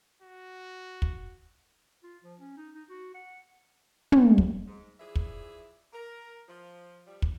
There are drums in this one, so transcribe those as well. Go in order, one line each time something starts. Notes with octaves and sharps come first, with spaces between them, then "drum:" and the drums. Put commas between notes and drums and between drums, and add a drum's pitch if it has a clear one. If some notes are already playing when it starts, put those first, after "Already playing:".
F#4
drum: kick
F4
F3
C#4
D#4
D#4
F#4
F#5
drum: tom
drum: kick
G#2
E3 F3 G#4 D5 E5
drum: kick
A#4
F3
F3 G3
drum: kick